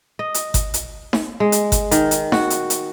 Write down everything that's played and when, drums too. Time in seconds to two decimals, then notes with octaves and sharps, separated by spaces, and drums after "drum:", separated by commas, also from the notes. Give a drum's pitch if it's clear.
0.19 D#5
0.34 drum: hi-hat
0.54 drum: kick G1, hi-hat
0.74 drum: hi-hat
1.13 drum: snare D#4
1.40 G#3
1.52 drum: hi-hat
1.72 drum: kick G1, hi-hat
1.91 D#3, drum: hi-hat
2.11 drum: hi-hat
2.32 F#4, drum: snare D#4
2.50 drum: hi-hat
2.70 drum: hi-hat